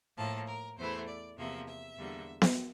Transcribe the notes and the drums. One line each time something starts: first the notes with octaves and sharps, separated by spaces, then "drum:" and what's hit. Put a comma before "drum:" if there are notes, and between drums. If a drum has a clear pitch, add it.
A2 F3 A#3 A5
A#4
E2 E3 A3 E4 C5
D5
E2 C3 F3 A#3 E5
E5
E2 D3 G3 A#3
drum: snare B3